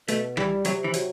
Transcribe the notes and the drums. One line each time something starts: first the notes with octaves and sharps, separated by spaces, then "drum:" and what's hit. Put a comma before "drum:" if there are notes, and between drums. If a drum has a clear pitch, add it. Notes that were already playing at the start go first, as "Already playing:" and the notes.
B2 A3, drum: hi-hat
E3 G3, drum: rim click
C3 F#3, drum: hi-hat
E3
F#3, drum: hi-hat